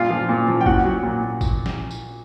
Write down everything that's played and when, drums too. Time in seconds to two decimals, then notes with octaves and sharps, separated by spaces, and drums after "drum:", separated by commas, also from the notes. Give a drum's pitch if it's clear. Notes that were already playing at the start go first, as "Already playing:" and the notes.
Already playing: A#2 G3 F4 F5
0.11 F3
0.29 A#2
0.48 F3
0.61 G5
0.66 A#2 F#4 F#5, drum: kick G#1
0.85 F#3
1.03 A#2
1.41 drum: kick G#1, tambourine
1.66 drum: snare
1.91 drum: tambourine